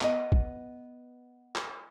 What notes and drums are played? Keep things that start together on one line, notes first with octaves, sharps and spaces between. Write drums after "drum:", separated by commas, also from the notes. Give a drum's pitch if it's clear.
B3 D#5, drum: clap
drum: kick
drum: clap